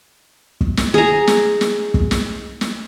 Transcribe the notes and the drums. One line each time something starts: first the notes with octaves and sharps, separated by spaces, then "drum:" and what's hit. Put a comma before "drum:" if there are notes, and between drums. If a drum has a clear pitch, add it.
drum: kick
drum: snare
G#4 A#5
drum: snare
drum: snare
drum: kick
drum: snare
drum: snare